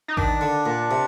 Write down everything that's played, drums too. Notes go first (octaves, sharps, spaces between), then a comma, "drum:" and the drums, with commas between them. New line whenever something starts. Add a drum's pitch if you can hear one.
D#4
D#3 D4, drum: kick A1
D3
A#2
C3